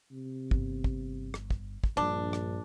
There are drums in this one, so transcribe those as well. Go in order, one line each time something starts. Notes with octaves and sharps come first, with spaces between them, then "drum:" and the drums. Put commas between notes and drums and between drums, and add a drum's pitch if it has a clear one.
C3
G1 G2, drum: kick
drum: kick
drum: rim click
drum: kick
drum: kick
A#1 G2 D3 D4
drum: rim click